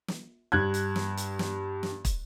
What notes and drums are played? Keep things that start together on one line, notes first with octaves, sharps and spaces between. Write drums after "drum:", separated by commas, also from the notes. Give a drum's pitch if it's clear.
drum: snare
G2 F#6 G#6
drum: hi-hat
drum: snare
drum: hi-hat
drum: snare
drum: snare
drum: kick, hi-hat